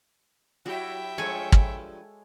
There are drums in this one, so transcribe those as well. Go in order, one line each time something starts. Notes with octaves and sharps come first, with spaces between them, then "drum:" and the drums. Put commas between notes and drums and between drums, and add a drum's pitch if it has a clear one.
F#3 E4 F#4 G4 E5 G5
G2 F3 G#3 A4 C#5 G#5
drum: kick